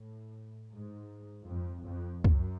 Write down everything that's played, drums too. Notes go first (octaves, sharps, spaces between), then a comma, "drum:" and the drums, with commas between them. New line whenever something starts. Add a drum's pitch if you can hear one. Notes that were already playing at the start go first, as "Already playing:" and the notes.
Already playing: A2
G#2
F2
F2
F#2, drum: kick C#2